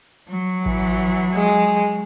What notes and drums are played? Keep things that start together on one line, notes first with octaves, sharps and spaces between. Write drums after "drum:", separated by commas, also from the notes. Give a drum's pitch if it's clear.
F#3
E3, drum: kick A1
G#3